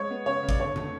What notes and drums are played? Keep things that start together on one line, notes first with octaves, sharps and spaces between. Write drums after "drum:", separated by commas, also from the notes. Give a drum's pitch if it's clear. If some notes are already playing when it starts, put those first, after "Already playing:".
Already playing: G#3 C#5
B3
C#3 C#5
C#3
D5, drum: kick
D3 C#5
A3, drum: tom C#3